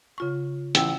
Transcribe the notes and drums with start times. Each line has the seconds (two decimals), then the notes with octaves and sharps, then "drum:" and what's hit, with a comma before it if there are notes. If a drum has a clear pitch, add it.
0.18 C#3 F4 C#6
0.75 A1 G5 E6, drum: hi-hat